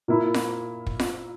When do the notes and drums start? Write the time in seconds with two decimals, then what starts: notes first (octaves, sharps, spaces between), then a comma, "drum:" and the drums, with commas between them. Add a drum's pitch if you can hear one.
0.08 A#2 A#3 E4
0.34 drum: snare F4
0.86 drum: kick
1.00 drum: snare F4